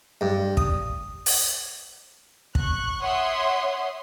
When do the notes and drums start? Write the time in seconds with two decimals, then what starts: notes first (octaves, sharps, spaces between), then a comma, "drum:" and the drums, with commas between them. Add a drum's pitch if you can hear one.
0.21 G2
0.57 D#6, drum: kick
1.26 drum: open hi-hat
2.55 C#6 F#6, drum: kick
3.01 C#5 E5 F#5 C6 D#6